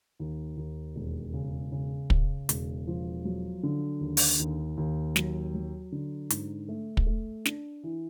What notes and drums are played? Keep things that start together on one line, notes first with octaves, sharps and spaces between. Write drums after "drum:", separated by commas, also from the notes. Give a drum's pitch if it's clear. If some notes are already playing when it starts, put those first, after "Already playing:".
D#2
D#2
E1
C#3
C#3
C#3, drum: kick
E1, drum: hi-hat
F3
F#3
D3
D#2
drum: open hi-hat
D#2
D#2
F#3, drum: snare
F#3
D3
G#2, drum: hi-hat
A3
drum: kick
A3
D4, drum: snare
E3